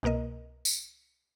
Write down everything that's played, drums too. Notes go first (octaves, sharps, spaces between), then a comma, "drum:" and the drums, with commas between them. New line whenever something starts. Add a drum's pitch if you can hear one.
C2 B2 A#3 A#4 D#5
drum: tambourine